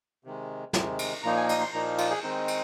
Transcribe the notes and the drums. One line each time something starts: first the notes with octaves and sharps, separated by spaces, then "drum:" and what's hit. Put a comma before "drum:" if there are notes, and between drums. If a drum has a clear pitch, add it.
C3 D#3 G#3
C3 D#3 G#3, drum: snare
drum: cymbal
A#2 F3 A#3 D#4 A#5
G#5
D#5, drum: cymbal
C6
A#2 F3 A#3 D#4 A#5
F4, drum: cymbal
G#4
D#3 G#3 C4 D#4
drum: cymbal